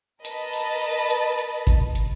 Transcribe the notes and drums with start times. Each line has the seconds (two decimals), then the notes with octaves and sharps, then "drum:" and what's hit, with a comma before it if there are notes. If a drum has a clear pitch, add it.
0.25 A#4 B4 D#5 A5 B5, drum: hi-hat
0.53 drum: open hi-hat
0.82 drum: hi-hat
1.10 drum: hi-hat
1.38 drum: hi-hat
1.67 drum: kick G1, hi-hat
1.95 drum: hi-hat